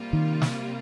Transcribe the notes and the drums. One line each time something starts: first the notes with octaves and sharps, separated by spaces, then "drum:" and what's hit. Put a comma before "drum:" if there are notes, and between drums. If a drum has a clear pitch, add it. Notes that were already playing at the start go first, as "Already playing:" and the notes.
Already playing: C3 G3 A#3 F4
D#3
drum: snare